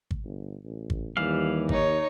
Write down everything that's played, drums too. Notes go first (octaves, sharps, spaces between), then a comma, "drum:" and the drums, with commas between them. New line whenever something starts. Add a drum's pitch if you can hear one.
drum: kick
G1
A1
drum: kick
D#2 E3 G3 F5
D#4 C#5, drum: kick